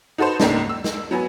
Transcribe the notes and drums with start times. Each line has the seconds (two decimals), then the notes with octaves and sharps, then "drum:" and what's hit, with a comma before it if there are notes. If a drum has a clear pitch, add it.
0.18 D#4 F#4 A4 B4 C5
0.40 C#2 G#2 A3 A#3 D4, drum: snare
0.69 E6
0.84 drum: snare
1.11 F#3 B3 G#5